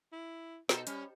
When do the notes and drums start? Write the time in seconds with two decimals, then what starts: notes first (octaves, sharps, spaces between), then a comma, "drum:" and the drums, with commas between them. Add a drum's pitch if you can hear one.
0.13 E4
0.69 B2 D#4 A4 C5, drum: snare
0.87 G3 C#4, drum: hi-hat